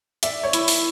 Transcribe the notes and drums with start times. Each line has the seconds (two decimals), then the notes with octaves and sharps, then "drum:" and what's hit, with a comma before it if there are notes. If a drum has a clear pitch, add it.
0.23 D5 E5, drum: hi-hat
0.43 C#5
0.53 E4, drum: hi-hat
0.68 drum: open hi-hat